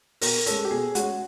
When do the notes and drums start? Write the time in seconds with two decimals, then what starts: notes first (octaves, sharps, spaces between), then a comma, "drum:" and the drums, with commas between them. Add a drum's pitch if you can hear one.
0.21 B2 A#4, drum: open hi-hat
0.46 G#3 C#4 A4, drum: hi-hat
0.65 G4
0.71 B2 G#4
0.95 G#3 C#4 F#4, drum: hi-hat